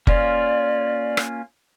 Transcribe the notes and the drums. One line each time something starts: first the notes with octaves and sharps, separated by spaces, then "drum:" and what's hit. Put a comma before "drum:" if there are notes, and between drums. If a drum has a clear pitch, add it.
A#3 C#4 F4 D5, drum: kick F#1
drum: rim click